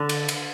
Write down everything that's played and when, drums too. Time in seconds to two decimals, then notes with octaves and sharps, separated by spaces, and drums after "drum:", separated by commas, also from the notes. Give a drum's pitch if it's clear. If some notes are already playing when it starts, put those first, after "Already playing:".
Already playing: D3
0.09 drum: cymbal
0.29 drum: cymbal